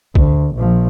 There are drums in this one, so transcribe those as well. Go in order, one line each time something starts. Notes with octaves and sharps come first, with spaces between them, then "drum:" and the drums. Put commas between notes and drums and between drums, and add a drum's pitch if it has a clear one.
D2, drum: kick
A#1 F3